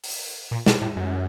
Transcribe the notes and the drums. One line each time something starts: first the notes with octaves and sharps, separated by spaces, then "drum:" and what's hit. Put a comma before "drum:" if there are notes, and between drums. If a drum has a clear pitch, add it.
drum: open hi-hat
A#2
B2, drum: snare
A2
F#2